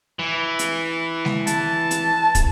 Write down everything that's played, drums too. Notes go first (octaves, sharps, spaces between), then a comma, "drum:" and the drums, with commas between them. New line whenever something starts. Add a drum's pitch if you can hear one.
E3
drum: hi-hat
drum: snare G#3
A5, drum: hi-hat
drum: hi-hat
drum: kick, hi-hat